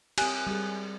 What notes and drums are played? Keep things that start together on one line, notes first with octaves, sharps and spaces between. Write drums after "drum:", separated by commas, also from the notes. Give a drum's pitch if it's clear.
C4 G4 G#5 D#6 F#6, drum: cymbal
G3 G#4